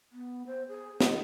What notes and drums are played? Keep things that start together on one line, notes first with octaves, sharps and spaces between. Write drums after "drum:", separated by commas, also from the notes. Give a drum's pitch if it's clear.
B3
C5
G#4
D#5, drum: snare